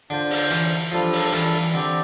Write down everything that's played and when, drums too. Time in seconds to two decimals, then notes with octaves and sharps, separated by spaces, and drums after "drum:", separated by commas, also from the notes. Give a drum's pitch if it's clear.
0.10 D3 D4 F4 C5
0.30 drum: open hi-hat
0.50 E3, drum: hi-hat
0.92 F3 G3 D4 F4 A4
1.13 drum: open hi-hat
1.33 E3, drum: hi-hat
1.54 E3
1.74 D3 C4 G4 D5